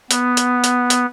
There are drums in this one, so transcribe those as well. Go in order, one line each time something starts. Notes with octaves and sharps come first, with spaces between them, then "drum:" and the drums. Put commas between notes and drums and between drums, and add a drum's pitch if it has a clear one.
B3, drum: hi-hat
drum: hi-hat
drum: hi-hat
drum: hi-hat